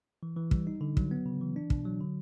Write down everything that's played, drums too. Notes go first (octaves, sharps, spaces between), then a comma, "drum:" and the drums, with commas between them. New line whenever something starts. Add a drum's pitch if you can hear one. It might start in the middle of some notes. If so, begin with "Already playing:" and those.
E3
E3
G3, drum: kick
D#4
D3
F#3, drum: kick
B3
C#3
E3
D4
B2, drum: kick
F#3
D3